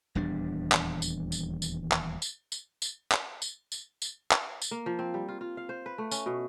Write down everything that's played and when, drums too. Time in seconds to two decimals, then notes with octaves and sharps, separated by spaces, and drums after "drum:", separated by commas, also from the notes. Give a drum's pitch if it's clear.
0.15 D#1 E2 G3 D4
0.72 drum: clap
1.02 drum: tambourine
1.32 drum: tambourine
1.62 drum: tambourine
1.92 drum: clap
2.22 drum: tambourine
2.52 drum: tambourine
2.82 drum: tambourine
3.12 drum: clap
3.42 drum: tambourine
3.72 drum: tambourine
4.02 drum: tambourine
4.32 drum: clap
4.62 drum: tambourine
4.71 A#3
4.86 F3
4.99 C4
5.14 G3
5.28 F4
5.41 F4
5.57 F5
5.69 C5
5.86 B4
5.98 A3
6.11 C#4, drum: tambourine
6.26 B2